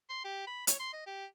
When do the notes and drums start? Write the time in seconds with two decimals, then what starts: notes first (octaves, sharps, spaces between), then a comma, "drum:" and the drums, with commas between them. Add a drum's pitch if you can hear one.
0.10 C6
0.24 G4
0.47 B5
0.67 C#5, drum: hi-hat
0.80 C6
0.93 D#5
1.07 G4